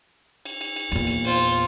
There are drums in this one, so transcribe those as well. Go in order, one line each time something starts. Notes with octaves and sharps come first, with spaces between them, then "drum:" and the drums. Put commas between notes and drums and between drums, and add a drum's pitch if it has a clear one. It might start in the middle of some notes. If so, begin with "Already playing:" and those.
drum: cymbal
drum: cymbal
drum: cymbal
E2 A#2, drum: cymbal
drum: cymbal
F4 C5, drum: cymbal
drum: cymbal